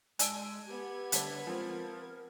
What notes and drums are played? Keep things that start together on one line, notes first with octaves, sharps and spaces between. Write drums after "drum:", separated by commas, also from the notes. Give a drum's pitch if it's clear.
G#3 D5 G#5 A5 E6 D7, drum: hi-hat
B3 G4 G#6
D3 G3 A3 A4 C#5 B6, drum: hi-hat
F3 G#3 C4 A#4